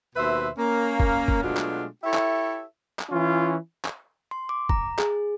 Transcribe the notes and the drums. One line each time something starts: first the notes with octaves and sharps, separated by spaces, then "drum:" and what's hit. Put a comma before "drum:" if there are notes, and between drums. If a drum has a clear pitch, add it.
D#2 B2 B4 C5 E5
A#3 C#4
drum: kick
drum: kick
B2 F#3 G#3 A3 D4 F4
drum: clap
E4 G4 A4 C#5 E5
drum: clap
drum: clap
E3 C#4 F4
drum: clap
C6
D6
A#5, drum: kick
G#4, drum: clap